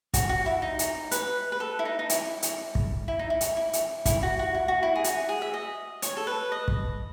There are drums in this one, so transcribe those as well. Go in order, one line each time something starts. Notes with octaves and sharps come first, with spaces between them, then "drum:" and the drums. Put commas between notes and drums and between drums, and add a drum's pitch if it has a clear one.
F#4, drum: kick, hi-hat
F#4
E4
D#4
drum: hi-hat
B4, drum: hi-hat
B4
A4
E4
D#4
D#4
E4, drum: hi-hat
drum: hi-hat
drum: kick
E4
D#4
E4
drum: hi-hat
E4
drum: hi-hat
E4, drum: kick, hi-hat
F#4
F#4
E4
F#4
E4
G#4
F#4, drum: hi-hat
G#4
E5
D#5
C#5, drum: hi-hat
A4
B4
D#5
drum: kick